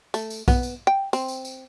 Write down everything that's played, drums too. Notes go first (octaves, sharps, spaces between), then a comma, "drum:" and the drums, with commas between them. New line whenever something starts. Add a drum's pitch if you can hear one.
A3, drum: tambourine
drum: tambourine
B3, drum: kick, tambourine
drum: tambourine
G5
C4, drum: tambourine
drum: tambourine
drum: tambourine